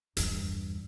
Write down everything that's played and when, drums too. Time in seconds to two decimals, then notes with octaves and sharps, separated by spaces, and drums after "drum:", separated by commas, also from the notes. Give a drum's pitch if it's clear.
0.17 E2 G2, drum: hi-hat